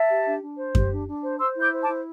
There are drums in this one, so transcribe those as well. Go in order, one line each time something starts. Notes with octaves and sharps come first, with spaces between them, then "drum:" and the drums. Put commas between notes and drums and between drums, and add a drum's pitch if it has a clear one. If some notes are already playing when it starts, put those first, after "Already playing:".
Already playing: E5 A5
G4
D4
D4
C5
G4, drum: kick F#2
D4
D4
C5
C5 C6 E6
E4 D6 G6
C5
A5 D6
E4